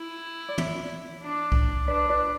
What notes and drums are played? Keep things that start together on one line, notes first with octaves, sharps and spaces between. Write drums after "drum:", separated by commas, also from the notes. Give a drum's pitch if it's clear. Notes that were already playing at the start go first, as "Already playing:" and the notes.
Already playing: E4
D5
C#5 E5, drum: tom
D4
drum: kick C2
D4 B4 D5
B4 D5